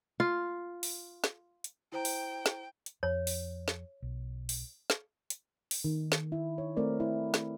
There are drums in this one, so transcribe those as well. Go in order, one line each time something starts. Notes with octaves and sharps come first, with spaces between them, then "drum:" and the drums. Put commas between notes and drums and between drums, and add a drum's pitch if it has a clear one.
F4
drum: open hi-hat
drum: snare
drum: hi-hat
E4 C5 G5 A#5
drum: open hi-hat
drum: snare
drum: hi-hat
F2 C#5
drum: open hi-hat
drum: snare
B1
drum: open hi-hat
drum: snare
drum: hi-hat
drum: open hi-hat
D#3
drum: snare
E4
C#5
A3 C4 A#4 D5
E4
drum: snare